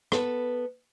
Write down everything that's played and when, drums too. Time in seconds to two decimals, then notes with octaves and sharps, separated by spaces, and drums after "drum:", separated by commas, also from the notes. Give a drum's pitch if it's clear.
0.12 B3 A4 B4, drum: rim click